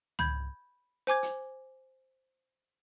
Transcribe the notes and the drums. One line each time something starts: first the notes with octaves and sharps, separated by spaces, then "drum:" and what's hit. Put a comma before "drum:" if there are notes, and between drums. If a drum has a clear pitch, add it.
B5 G6 G#6, drum: tom
C5 G#5 D6 G#6, drum: hi-hat
drum: hi-hat